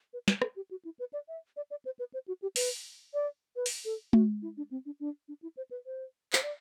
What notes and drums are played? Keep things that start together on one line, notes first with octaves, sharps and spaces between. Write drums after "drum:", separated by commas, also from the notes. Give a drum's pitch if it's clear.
B4
B4, drum: snare
A4, drum: rim click
G4
F#4
E4
B4
D5
E5
D5
D5
C5
B4
C5
F#4
G4
B4, drum: open hi-hat
D5
B4
drum: open hi-hat
A4
F#4, drum: tom G#3
E4
D4
C4
D4
D4
D4
E4
C5
B4
C5
C5, drum: clap
D5